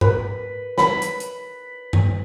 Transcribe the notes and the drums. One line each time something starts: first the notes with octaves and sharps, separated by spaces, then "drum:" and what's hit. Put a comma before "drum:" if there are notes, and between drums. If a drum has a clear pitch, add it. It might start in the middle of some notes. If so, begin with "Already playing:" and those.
B4, drum: tom G#2
B5, drum: snare
drum: hi-hat
drum: hi-hat
drum: tom G2